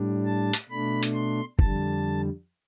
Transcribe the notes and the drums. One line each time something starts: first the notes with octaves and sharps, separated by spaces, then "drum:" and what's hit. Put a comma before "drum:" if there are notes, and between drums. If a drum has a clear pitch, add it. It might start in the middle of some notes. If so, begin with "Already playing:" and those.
Already playing: A2 G3 D4
A5
drum: hi-hat
B2 A3 D4 B5
drum: hi-hat
C6
F2 D3 G3 A5, drum: kick